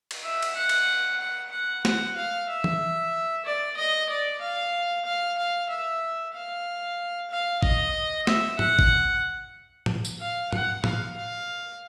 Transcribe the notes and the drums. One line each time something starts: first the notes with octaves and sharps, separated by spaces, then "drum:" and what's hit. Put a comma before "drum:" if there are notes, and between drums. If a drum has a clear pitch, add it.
drum: cymbal
E5
drum: cymbal
F#5
drum: cymbal
F#5
F#5
F#5, drum: snare
F5
E5
drum: tom
D5
D#5
D5
F5
F5
F5
E5
F5
F5
D#5, drum: kick
E5, drum: snare
F#5, drum: tom G#2
drum: kick
drum: tom A2
drum: tambourine
F5
F#5, drum: tom G#2
F5, drum: tom A2
F5